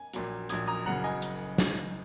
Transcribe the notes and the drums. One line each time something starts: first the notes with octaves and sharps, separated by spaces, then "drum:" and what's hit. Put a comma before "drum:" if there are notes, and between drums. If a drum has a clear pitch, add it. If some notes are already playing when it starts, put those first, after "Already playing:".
Already playing: G#5
A#1 A#2 F#3, drum: hi-hat
A#1 A#2 F#3 D#6 G#6, drum: hi-hat
A#5 D#6
F#1 F#2 C#3 F#3 F#5 A#5
D#5 G#5
drum: hi-hat
drum: snare